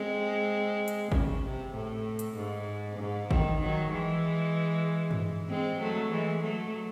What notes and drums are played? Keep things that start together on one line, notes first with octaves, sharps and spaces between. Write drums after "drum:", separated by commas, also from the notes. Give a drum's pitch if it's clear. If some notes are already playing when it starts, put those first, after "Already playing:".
Already playing: G#3 C4
drum: hi-hat
C#3, drum: kick G1
C3
A2
drum: hi-hat
G#2
G#2
D#3, drum: kick G1
D#3 F#3
E3 G#3
drum: tom G2
G#3 C4
F#3 A3
E3 G#3
F#3 A3